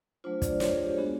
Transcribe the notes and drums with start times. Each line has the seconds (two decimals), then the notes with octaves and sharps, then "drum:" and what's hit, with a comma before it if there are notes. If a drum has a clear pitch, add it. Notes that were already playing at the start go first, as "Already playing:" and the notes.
0.24 F#3 A3 D4 F4 C5
0.42 D5, drum: kick, hi-hat
0.60 C#5, drum: snare
0.73 G#4
0.85 G4
0.97 G#3 B3 D4 F#4 G#4